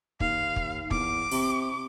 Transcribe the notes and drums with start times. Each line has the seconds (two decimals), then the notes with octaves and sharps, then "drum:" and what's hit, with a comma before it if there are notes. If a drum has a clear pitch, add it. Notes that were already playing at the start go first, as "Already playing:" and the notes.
0.20 D#2 F5, drum: kick
0.56 drum: kick
0.91 E2 D6, drum: kick
1.32 C3, drum: open hi-hat